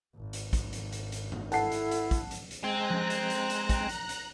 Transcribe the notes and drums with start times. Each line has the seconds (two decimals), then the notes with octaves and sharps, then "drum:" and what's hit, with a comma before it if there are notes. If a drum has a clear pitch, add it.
0.16 G#1
0.33 drum: hi-hat
0.53 drum: kick, hi-hat
0.73 drum: hi-hat
0.92 drum: hi-hat
1.12 drum: hi-hat
1.32 drum: tom G#2
1.52 E4 A4 F#5 A5 C7, drum: hi-hat
1.72 drum: hi-hat
1.91 drum: hi-hat
2.11 drum: kick, hi-hat
2.31 drum: hi-hat
2.51 drum: hi-hat
2.64 G#3 C4 G#5 A#5 F#6
2.90 drum: tom F3
3.10 drum: hi-hat
3.30 drum: hi-hat
3.50 drum: hi-hat
3.69 drum: kick, hi-hat
3.89 drum: hi-hat
4.09 drum: hi-hat